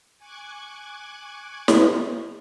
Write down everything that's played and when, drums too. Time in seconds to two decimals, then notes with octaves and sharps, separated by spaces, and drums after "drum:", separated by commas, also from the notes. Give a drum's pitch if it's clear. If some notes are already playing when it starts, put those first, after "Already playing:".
0.18 G#5 C#6 D6 F#6 G#6
1.68 drum: snare